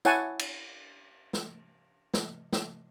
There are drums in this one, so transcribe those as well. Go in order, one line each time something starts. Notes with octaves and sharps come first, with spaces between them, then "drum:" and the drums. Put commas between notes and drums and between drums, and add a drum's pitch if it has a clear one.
E4 C#5 F#5 G#5 A5, drum: tambourine
drum: cymbal
drum: snare
drum: snare
drum: snare